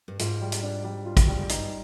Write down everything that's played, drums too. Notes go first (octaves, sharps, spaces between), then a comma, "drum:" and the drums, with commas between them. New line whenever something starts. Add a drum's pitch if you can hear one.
G2
G#2 F4, drum: hi-hat
G3
drum: hi-hat
D4
G3
F4
drum: kick, hi-hat
G3
G#2
G2 D#4, drum: hi-hat